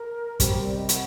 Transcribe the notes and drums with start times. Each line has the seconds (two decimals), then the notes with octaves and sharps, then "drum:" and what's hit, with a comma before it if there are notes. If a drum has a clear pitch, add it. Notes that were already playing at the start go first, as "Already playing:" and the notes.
Already playing: A#4
0.40 C3 G3 C4 G4 A#4 C5, drum: kick, hi-hat
0.64 D5
0.77 D#5
0.89 F#5, drum: hi-hat